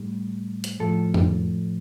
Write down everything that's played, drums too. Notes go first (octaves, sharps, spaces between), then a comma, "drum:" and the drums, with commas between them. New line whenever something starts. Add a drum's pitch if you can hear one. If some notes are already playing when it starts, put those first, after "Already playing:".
Already playing: A2 G3
drum: hi-hat
A2 F3 A4
drum: tom F2